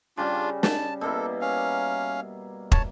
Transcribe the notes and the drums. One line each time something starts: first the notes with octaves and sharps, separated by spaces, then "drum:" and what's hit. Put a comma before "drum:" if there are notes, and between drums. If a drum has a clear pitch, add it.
C#3 G3 D4 F4
A5, drum: snare
B2 A#3 E4 A4
C#4 F5
C#5 A5, drum: kick